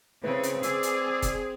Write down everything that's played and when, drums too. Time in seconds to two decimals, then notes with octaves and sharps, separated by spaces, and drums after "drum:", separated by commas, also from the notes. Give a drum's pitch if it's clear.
0.24 C#3 C4 E4 B4
0.44 drum: hi-hat
0.63 G#4 D5 D6 E6, drum: hi-hat
0.83 drum: hi-hat
1.22 drum: kick F#1, hi-hat